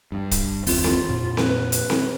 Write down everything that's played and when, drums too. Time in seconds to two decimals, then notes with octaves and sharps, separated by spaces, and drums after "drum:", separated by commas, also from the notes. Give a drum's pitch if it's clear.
0.12 G2
0.31 drum: kick, hi-hat
0.67 F#1 D#2 C4 F4, drum: open hi-hat
0.84 drum: snare C4
1.09 F2 A#2
1.37 B4, drum: snare C4
1.72 drum: hi-hat
1.90 drum: snare C4